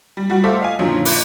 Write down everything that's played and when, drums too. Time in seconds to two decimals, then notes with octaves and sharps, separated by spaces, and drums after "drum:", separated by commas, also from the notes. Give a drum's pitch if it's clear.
0.17 G3
0.30 G3 F#4
0.44 A3 A4 C5 F5 D6 B6
0.61 D#5 F5 G#5
0.79 F#2 A#2 D3 D#3 F3 F#3
1.05 B5 D6 F#6, drum: open hi-hat